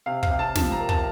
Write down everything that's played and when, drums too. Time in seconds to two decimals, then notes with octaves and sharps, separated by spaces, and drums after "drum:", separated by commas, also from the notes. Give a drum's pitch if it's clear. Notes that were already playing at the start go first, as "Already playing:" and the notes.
0.06 C3 F5
0.23 F5, drum: kick
0.31 C3
0.39 A5
0.56 F3 A5, drum: snare
0.72 A#5
0.80 A#3
0.89 A5, drum: kick